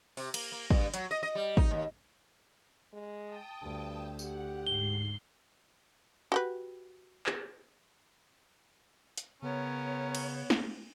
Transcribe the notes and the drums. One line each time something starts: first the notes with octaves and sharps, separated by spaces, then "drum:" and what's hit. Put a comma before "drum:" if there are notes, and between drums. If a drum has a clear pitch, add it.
C3, drum: open hi-hat
A#3, drum: cymbal
A#3
G2, drum: kick
F#3, drum: hi-hat
D#5
D#5
G3
D#4, drum: kick
D#2
G#3
G5 A5 D#6
D2 G2
G4 F#5, drum: tambourine
G#2 C7 G7
F#4 G4 B4
drum: clap
drum: hi-hat
C#3 B3 C#4 A#4 C#5
drum: cymbal
drum: snare